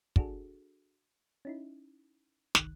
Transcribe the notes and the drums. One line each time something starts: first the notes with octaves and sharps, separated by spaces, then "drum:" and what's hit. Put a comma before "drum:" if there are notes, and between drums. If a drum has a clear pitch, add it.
D4 F#4 G#4 A4, drum: kick
C#4 D#4 E4
G1 C2 D#3 F#6, drum: snare